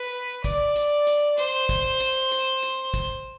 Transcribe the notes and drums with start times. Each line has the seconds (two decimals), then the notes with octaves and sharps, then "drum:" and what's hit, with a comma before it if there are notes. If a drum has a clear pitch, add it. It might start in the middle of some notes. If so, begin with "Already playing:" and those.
Already playing: B4
0.44 D5, drum: kick, hi-hat
0.76 drum: hi-hat
1.07 drum: hi-hat
1.38 C5, drum: hi-hat
1.69 drum: kick, hi-hat
2.00 drum: hi-hat
2.31 drum: hi-hat
2.63 drum: hi-hat
2.94 drum: kick, hi-hat